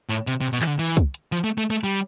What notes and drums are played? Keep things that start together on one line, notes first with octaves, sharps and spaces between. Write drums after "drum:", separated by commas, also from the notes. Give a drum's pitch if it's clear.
A2
C3, drum: hi-hat
C3
B2
E3, drum: clap
D3
E3, drum: hi-hat
drum: kick, hi-hat
drum: hi-hat
F3, drum: hi-hat
A3
A3
A3
G3, drum: hi-hat